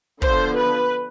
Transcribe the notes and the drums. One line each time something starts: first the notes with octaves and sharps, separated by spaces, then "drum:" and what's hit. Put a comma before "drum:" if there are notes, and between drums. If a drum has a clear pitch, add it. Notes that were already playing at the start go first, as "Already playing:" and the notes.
D3 F3 B3 C5, drum: kick
B4